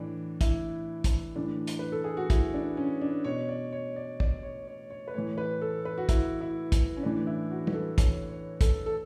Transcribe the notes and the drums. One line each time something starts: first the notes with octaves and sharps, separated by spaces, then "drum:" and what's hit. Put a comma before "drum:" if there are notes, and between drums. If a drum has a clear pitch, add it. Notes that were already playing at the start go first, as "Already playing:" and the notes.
Already playing: A2 E3 D4
E4, drum: kick, hi-hat
drum: kick, hi-hat
A2 E3 D4
drum: hi-hat
B4
A4
G#4
F#4
E4, drum: kick, hi-hat
D4
C#4
D4
B2 C#5
D5
C#5
D5
D5, drum: kick
C#5
C#5
C#5
B4
A2 E3 C#5
B4
A4
B4
F#4
E4, drum: kick, hi-hat
E4
drum: kick, hi-hat
C#4
A2 E3 D4
E4
F#4
B4, drum: tom
A4
C#5, drum: kick, hi-hat
C#5
A4, drum: kick, hi-hat
A4